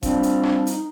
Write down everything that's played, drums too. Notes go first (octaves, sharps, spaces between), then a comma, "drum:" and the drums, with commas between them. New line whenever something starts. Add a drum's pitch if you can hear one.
F3 G3 C4 D4, drum: kick G1, hi-hat
drum: hi-hat
drum: rim click
D#4, drum: hi-hat